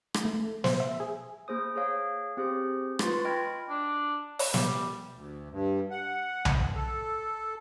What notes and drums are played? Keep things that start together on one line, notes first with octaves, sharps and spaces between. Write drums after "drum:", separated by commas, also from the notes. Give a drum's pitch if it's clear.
drum: rim click
A3
C5, drum: snare
E5
G#4
A#3 G#4 C5 D#6
G#4 C#5 F5
C4 G4 G#4 C5 D#6
F4 B4 C6 C#6 A6, drum: rim click
D#5 G5 B5 F6 G#6
D4
drum: open hi-hat
G3, drum: snare
D2
G2
F#5
drum: tom B1
A4